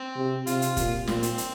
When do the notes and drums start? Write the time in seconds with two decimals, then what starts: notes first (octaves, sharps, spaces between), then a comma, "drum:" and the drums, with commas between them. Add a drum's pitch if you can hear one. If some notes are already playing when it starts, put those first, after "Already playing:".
Already playing: C4
0.16 C3
0.47 C3 F4, drum: hi-hat
0.62 drum: hi-hat
0.77 A#2, drum: kick, hi-hat
1.07 A#2 F3 C4, drum: snare
1.23 drum: hi-hat
1.38 drum: hi-hat